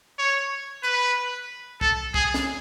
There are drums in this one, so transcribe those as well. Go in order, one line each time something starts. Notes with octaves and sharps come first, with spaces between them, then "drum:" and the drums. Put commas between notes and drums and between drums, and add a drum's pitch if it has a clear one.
C#5
B4, drum: hi-hat
A4, drum: kick
G#4, drum: kick
drum: snare